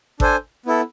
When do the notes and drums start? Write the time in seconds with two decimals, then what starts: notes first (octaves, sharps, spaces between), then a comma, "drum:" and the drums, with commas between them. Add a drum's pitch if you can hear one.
0.20 D4 A4 C5 G#5, drum: kick G#1
0.66 B3 E4 A4